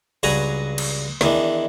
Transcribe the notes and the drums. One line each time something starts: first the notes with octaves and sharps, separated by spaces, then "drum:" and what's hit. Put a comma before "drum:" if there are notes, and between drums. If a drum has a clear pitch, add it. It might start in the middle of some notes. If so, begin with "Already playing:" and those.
C#2 G2 F#4 G#5 A#5 B5, drum: open hi-hat
drum: cymbal
E2 D#3 E3 D4, drum: snare